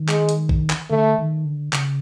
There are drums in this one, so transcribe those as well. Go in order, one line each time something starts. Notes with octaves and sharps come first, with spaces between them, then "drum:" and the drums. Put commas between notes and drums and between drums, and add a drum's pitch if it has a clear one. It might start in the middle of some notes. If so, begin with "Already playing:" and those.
Already playing: D#3
G#3, drum: clap
drum: hi-hat
drum: kick A#1
drum: clap
D3 A3
D#3
D3
C#3, drum: clap